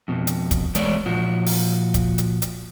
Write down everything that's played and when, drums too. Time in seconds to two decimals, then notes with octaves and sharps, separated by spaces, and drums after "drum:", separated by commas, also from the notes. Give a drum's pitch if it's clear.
0.08 F2 B2
0.27 drum: hi-hat
0.51 drum: kick, hi-hat
0.75 E3 G#3 A3 B3 C#5 D5, drum: hi-hat
1.06 A#2 F3 F#4
1.46 drum: open hi-hat
1.94 drum: kick, hi-hat
2.18 drum: hi-hat
2.42 drum: hi-hat